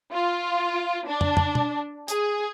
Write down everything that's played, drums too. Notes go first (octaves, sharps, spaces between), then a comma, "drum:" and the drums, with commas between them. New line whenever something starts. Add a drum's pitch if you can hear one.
F4
D4
drum: tom
drum: tom
drum: tom
G#4, drum: hi-hat